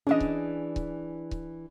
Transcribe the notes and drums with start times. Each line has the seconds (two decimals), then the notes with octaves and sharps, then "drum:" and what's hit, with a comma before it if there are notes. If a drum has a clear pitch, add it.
0.07 E3 C#4 D4 G#4 D#5
0.20 drum: kick C#1
0.76 drum: kick C#1
1.31 drum: kick C#1